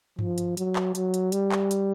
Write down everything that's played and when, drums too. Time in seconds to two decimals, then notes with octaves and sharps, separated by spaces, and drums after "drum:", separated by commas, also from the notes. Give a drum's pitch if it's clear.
0.19 F3, drum: tom G2
0.38 drum: hi-hat
0.57 F#3, drum: hi-hat
0.76 drum: clap
0.95 F#3, drum: hi-hat
1.14 drum: hi-hat
1.32 G3, drum: hi-hat
1.52 drum: clap
1.71 drum: hi-hat